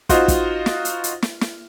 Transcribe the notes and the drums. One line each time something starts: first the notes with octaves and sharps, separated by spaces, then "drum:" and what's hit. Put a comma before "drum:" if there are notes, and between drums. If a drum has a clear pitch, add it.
D#4 F4 F#4 C5, drum: kick, hi-hat
drum: kick, hi-hat
drum: snare
drum: hi-hat
drum: hi-hat
drum: snare
drum: snare